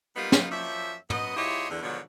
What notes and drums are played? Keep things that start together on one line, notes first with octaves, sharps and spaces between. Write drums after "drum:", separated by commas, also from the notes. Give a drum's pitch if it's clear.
F#3 G3 A#3 B3 D#4 F4
drum: snare
F#2 F3 C#5 D5 E5
F#2 B3 D#5, drum: tom
G#2 E4 F4 G4 C#5 D#5
E2 D3
G#2 B2 D3 D#3 F3 F#3